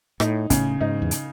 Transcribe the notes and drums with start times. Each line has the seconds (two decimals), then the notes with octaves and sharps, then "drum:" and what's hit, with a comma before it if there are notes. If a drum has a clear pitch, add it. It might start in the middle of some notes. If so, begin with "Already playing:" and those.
0.20 A2 D#4, drum: rim click
0.50 A2 C#3, drum: kick, hi-hat
0.81 G#2 D#4
1.02 E2
1.11 drum: hi-hat